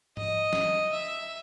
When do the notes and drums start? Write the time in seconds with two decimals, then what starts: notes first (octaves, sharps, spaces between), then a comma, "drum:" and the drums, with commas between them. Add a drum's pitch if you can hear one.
0.17 D#5, drum: tom G#2
0.53 drum: snare
0.92 E5